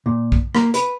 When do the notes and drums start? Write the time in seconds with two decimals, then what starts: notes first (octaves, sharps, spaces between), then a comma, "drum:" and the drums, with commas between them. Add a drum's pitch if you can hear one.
0.06 A#2
0.32 drum: kick
0.55 A#3, drum: rim click
0.74 B4, drum: hi-hat